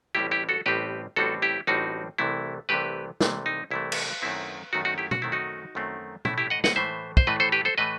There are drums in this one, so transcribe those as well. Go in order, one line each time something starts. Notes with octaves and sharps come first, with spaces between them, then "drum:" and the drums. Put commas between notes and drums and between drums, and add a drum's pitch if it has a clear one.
A1 A2 G3 C4 E4 G4
E4 G4
F#4 A4
A1 A2 G3 C4 G4 B4
A1 A2 G3 C4 F#4 A4
E4 G4
A1 A2 G3 C4 D#4 F#4
C2 C3 E3 A3 E4
C2 C3 E3 A3 G4 B4
C2 C3 E3 A3, drum: snare
D#4
C2 C3 E3 A3 E4
drum: cymbal
F#2 D#3 A3 C4 E4
F#2 D#3 A3 C4 D#4 F#4
D#4 F#4
E4 G4
F#4, drum: tom
F#2 D#3 A3 C4 E4
D#4 F#4
F#2 D#3 A3 C4
A2 E3 A3 E4, drum: tom
E4 G4
D#5 F#5
D#5 F#5, drum: snare
A2 E3 A3 C5 E5
C5, drum: kick
A2 E3 A3 B4 D#5
A4 C5
G4 B4
A4 C5
A2 E3 A3 B4 D#5